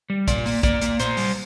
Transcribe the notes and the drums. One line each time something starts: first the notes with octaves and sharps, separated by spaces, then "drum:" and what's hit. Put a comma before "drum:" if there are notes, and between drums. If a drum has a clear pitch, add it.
G3
A#2 D5, drum: kick, hi-hat
A#3, drum: open hi-hat
A#3 D5, drum: kick, hi-hat
A#3, drum: hi-hat
A#2 C5, drum: hi-hat
G3, drum: open hi-hat